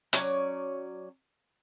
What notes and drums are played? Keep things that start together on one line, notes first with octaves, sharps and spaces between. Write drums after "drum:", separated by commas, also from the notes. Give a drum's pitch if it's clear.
F#3 C#4 C#5 D5, drum: hi-hat